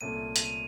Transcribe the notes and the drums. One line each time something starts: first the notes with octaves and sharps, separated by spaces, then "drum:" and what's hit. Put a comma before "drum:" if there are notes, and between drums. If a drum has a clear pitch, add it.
C2 A#2 A3 C#4 A4 D#7
F7, drum: hi-hat
D#7